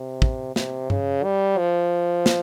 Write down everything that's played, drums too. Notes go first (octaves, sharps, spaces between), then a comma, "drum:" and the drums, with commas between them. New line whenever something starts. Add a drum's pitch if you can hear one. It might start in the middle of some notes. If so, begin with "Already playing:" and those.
Already playing: C3
drum: kick
C3, drum: snare
C#3, drum: tom G2
G3
F3
drum: snare